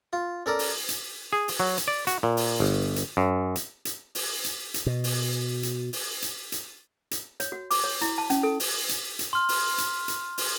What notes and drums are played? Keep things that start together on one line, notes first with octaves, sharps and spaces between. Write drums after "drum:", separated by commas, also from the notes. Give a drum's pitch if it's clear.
F4
C#4 A4 A#4 D5
drum: open hi-hat
drum: hi-hat
G#4
drum: open hi-hat
F#3
drum: hi-hat
D5
F#4, drum: hi-hat
A#2
drum: open hi-hat
G1
drum: hi-hat
F#2
drum: hi-hat
drum: hi-hat
drum: open hi-hat
drum: hi-hat
drum: hi-hat
B2
drum: open hi-hat
drum: hi-hat
drum: open hi-hat
drum: hi-hat
drum: hi-hat
drum: hi-hat
C#5, drum: hi-hat
F#4
D6, drum: open hi-hat
C#5
E4, drum: hi-hat
A5
C#4, drum: hi-hat
A4
drum: open hi-hat
drum: hi-hat
drum: hi-hat
C6 F6
drum: open hi-hat
drum: hi-hat
drum: hi-hat
drum: open hi-hat